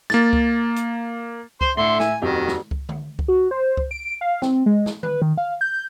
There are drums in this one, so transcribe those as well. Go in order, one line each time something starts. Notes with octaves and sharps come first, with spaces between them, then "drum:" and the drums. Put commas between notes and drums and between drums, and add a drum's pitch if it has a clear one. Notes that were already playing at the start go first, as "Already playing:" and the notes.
A#3 A6, drum: snare
drum: kick C#2
drum: hi-hat
C5 C6, drum: kick C#2
A2 D3 E5 C6
G#5, drum: snare
D#1 F2 D#3 F#4 G4
drum: snare
drum: kick C#2
drum: tom D3
drum: kick C#2
F#4
C5
drum: kick C#2
D7
F5
C4, drum: snare
G#3
drum: snare
B4, drum: tom D3
D#3
F5
G6